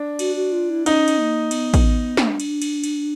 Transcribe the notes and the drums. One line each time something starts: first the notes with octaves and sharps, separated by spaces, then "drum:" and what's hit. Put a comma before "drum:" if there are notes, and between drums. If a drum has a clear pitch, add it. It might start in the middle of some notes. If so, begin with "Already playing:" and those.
Already playing: D4
F#4, drum: cymbal
F#4
F4
E4
C#4 D#4, drum: cymbal
drum: cymbal
B3
A#3
B3, drum: cymbal
drum: kick A1, cymbal
D4, drum: snare
drum: cymbal
drum: cymbal
drum: cymbal